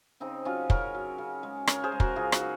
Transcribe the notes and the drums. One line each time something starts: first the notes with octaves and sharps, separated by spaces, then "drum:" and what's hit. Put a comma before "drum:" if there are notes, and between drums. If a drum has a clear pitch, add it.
C#3 C4 D#4
F#3 C#4 F4
C#3 A#4 C#5, drum: kick
F#3
C#3
G#3
C#3 A#4 C#5, drum: rim click
G#4 C5
G#3
F#4 A#4, drum: kick
C#3 F4 G#4
D#4 F#4, drum: rim click
F#3